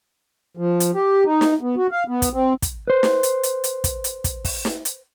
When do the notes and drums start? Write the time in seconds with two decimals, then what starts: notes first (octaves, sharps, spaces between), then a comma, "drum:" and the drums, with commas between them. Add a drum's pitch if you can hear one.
0.57 F3
0.80 drum: hi-hat
0.94 G4
1.25 D#4
1.41 drum: snare
1.61 B3
1.77 F#4
1.91 F5
2.08 B3
2.22 drum: kick, hi-hat
2.33 C4
2.62 drum: kick, hi-hat
2.88 B4 C5
3.03 drum: snare
3.23 drum: hi-hat
3.43 drum: hi-hat
3.64 drum: hi-hat
3.84 drum: kick, hi-hat
4.04 drum: hi-hat
4.24 drum: kick, hi-hat
4.45 drum: kick, open hi-hat
4.65 drum: snare
4.85 drum: hi-hat